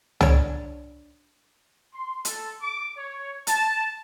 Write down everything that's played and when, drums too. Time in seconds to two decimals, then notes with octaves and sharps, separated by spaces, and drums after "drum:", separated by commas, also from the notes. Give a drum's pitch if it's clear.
0.21 D4 C#5, drum: tom
1.92 C6
2.25 A4, drum: hi-hat
2.61 D6
2.97 C#5
3.47 A5, drum: hi-hat